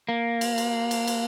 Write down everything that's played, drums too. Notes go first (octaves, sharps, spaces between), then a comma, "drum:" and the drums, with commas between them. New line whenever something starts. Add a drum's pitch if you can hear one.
A#3
drum: cymbal
drum: cymbal
drum: cymbal
drum: cymbal